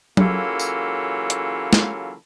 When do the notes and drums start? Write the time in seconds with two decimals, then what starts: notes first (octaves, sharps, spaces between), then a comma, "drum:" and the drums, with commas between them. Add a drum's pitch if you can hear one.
0.17 C#3 E3 F#3 A#3 F4 A4, drum: tom F#3
0.60 drum: tambourine
1.30 drum: hi-hat
1.73 drum: snare